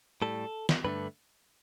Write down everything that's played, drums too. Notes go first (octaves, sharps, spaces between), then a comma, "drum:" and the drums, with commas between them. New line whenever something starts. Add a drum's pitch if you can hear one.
A2 G3 A4
drum: snare
G2 D3 A3 B4